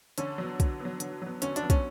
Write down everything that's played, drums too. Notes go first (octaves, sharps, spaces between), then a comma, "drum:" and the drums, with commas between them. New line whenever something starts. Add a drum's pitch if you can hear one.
D3 C#4, drum: hi-hat
F#3 B3
D3, drum: kick, hi-hat
F#3 B3
D3, drum: hi-hat
F#3 B3
D3 C#4, drum: hi-hat
D4, drum: hi-hat
F#3 B3
C#4, drum: kick, hi-hat